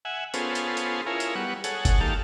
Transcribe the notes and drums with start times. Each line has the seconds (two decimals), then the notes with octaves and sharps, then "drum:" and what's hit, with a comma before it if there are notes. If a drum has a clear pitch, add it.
0.05 E5 F#5 G#5
0.34 B3 C#4 F4 G#4 A4 C5, drum: hi-hat
0.55 drum: hi-hat
0.77 drum: hi-hat
1.06 E4 F4 G#4 A#4 C#5
1.20 drum: hi-hat
1.35 G3 B3 F#5 C#6
1.64 G#4 A4 C#5 F#5, drum: hi-hat
1.85 drum: kick G1, hi-hat
2.00 D#3 A#3 G4 A4 F5 A5